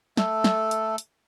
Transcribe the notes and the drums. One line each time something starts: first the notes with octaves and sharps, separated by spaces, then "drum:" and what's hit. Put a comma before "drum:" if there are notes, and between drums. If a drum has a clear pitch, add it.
A3 A4, drum: snare
drum: snare
drum: hi-hat
drum: hi-hat